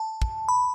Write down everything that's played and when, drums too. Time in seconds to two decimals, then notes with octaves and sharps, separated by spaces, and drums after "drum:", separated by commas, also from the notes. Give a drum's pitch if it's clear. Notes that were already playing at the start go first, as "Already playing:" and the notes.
Already playing: A5
0.22 drum: kick
0.49 B5